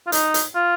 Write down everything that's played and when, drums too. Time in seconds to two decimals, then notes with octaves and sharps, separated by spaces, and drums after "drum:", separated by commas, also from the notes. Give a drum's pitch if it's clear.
0.07 F4
0.12 D#4, drum: hi-hat
0.34 drum: hi-hat
0.55 F4